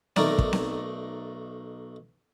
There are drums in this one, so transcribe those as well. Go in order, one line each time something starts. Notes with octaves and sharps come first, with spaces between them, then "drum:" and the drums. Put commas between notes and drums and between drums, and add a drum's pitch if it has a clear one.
B1 A3 D#4 A#4 D5, drum: snare C4
drum: kick
drum: snare C4